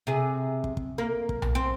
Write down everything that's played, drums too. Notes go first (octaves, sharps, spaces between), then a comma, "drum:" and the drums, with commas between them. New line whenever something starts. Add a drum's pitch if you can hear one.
C3 G#4
drum: kick
drum: kick
A#3
drum: kick
drum: tom B1
C4